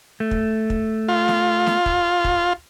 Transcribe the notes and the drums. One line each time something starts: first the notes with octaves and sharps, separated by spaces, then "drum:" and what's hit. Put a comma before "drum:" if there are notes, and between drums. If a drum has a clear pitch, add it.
A3
drum: kick
drum: kick
F4
drum: snare
drum: snare
drum: kick
drum: kick